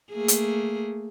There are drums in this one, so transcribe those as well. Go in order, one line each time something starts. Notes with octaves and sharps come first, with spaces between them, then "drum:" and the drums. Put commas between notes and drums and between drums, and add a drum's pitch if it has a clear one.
A3 A#3 G#4
drum: hi-hat